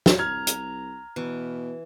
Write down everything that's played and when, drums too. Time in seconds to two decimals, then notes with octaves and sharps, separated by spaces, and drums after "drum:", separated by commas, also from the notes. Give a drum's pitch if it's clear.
0.06 drum: snare
0.19 C2 A#5 F6 G#6
0.47 drum: hi-hat
1.16 B2 E3